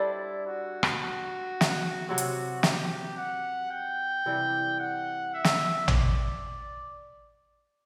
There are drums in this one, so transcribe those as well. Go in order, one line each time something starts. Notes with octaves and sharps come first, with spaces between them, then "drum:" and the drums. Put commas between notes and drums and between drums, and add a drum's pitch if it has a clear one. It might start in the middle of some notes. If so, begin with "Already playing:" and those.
Already playing: G3 D4 E4 A4 C5
F#4
drum: rim click
F#4
drum: snare
C3 F#3 C4 F#4
drum: hi-hat
G4, drum: snare
F#5
G5
C3 E3 G3
F#5
E5
drum: snare
D5, drum: tom A1